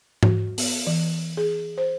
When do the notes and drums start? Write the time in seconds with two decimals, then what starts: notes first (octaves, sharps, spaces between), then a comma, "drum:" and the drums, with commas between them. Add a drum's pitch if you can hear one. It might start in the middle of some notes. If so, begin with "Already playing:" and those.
0.23 F#4, drum: tom G#2
0.58 B3, drum: open hi-hat
0.87 E3
1.37 G#4
1.78 C5